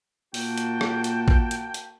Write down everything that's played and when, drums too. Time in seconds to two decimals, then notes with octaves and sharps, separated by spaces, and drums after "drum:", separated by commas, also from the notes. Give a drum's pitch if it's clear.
0.34 A#2 A#3 F#4 G5 A5, drum: open hi-hat
0.58 drum: hi-hat
0.81 drum: rim click
1.04 drum: hi-hat
1.28 drum: kick
1.51 drum: hi-hat
1.74 drum: hi-hat